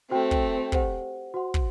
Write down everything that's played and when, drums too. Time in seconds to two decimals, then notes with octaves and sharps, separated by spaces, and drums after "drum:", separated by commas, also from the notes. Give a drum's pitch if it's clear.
0.11 A3 C4 F#4 C5 G5
0.31 drum: kick
0.72 G4 C5 F#5, drum: kick
1.34 F#4 C5 F#5 C6
1.54 drum: kick